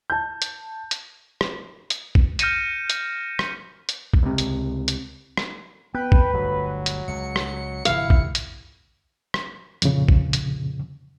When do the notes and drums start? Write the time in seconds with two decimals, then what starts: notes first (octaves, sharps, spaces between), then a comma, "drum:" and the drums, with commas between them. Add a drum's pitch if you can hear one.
0.10 A5 G6
0.42 drum: hi-hat
0.91 drum: hi-hat
1.41 drum: rim click
1.90 drum: hi-hat
2.15 drum: kick
2.39 F6 G6 A#6 C#7 D#7 E7, drum: hi-hat
2.90 drum: hi-hat
3.39 drum: rim click
3.89 drum: hi-hat
4.14 drum: kick
4.23 C#2 C3
4.38 drum: hi-hat
4.88 drum: hi-hat
5.37 drum: rim click
5.95 B3 B4 G5
6.12 drum: kick
6.33 G1 D2 G2 F#3
6.86 drum: hi-hat
7.08 C#2 C#7
7.36 drum: rim click
7.85 G1 C3 E3 E4 F5, drum: hi-hat
8.10 drum: kick
8.35 drum: hi-hat
9.34 drum: rim click
9.82 F2 A#2 C#3, drum: hi-hat
10.09 drum: kick
10.33 drum: hi-hat